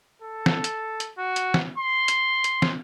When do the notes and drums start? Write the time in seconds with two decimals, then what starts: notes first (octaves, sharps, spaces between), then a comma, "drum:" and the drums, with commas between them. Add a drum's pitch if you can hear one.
0.22 A4
0.46 drum: snare
0.64 drum: hi-hat
1.00 drum: hi-hat
1.18 F#4
1.36 drum: hi-hat
1.54 drum: snare
1.78 C6
2.08 drum: hi-hat
2.44 drum: hi-hat
2.62 drum: snare